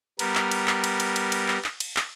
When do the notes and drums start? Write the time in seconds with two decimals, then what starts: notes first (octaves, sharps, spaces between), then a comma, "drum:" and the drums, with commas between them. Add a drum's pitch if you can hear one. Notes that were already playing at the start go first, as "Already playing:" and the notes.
0.19 G3 B3 A#4, drum: cymbal
0.35 drum: clap
0.51 drum: cymbal
0.68 drum: clap
0.84 drum: cymbal
1.00 drum: cymbal
1.16 drum: cymbal
1.32 drum: cymbal
1.48 drum: clap
1.64 drum: clap
1.80 drum: cymbal
1.97 drum: clap